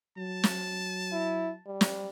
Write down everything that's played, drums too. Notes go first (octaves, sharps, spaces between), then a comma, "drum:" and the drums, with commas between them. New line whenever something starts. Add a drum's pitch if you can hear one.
F#3 A5
drum: snare
E4
G3
drum: snare